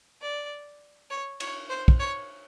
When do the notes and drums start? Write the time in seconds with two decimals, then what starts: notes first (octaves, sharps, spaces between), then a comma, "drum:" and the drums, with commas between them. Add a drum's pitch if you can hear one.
0.22 D5
1.11 C#5
1.40 C#5, drum: cymbal
1.69 C5
1.88 drum: kick
1.99 C#5